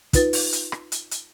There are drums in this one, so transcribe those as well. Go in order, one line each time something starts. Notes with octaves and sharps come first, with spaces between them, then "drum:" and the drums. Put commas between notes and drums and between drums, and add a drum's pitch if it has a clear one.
D#4 F4 B4 A6, drum: kick, hi-hat
drum: open hi-hat
drum: hi-hat
drum: rim click
drum: hi-hat
drum: hi-hat